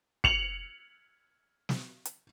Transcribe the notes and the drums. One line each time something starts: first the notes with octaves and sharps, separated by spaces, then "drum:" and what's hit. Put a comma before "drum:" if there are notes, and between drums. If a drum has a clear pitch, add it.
C#7 F7 F#7, drum: kick
drum: snare
drum: hi-hat